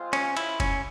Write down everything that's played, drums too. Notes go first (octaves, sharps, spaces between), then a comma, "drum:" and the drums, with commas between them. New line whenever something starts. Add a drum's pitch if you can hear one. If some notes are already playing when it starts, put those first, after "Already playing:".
Already playing: G#3 C4 F4 C5
C#4, drum: cymbal
E4, drum: cymbal
C#4, drum: kick F#1, cymbal